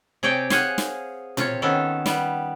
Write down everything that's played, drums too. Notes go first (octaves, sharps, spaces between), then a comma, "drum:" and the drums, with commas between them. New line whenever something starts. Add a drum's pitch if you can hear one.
C3 G#4 C#5 D5 G5
G#4 C5 C#5 F5 F#5 G#5, drum: snare
drum: snare
C3 F4 C#5, drum: tom A#2
D#3 B3 C#4 A4
G3 B3, drum: snare